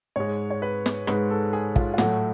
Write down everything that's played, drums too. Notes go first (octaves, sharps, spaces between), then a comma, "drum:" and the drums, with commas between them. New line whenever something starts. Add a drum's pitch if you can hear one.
G#2 G#3 C#5
C#5
B4
drum: snare
G#2 G#3 B4, drum: rim click
A4
G#4
F4, drum: kick
F4
A2 F#3 A3 F#4, drum: snare